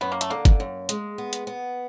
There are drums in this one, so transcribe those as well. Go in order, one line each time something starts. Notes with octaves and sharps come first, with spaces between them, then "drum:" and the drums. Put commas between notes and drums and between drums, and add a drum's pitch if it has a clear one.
F#2 B3
A#3
A3, drum: hi-hat
D3 A#3
drum: kick G1, hi-hat
F#2
G#3, drum: hi-hat
B3
drum: hi-hat
B3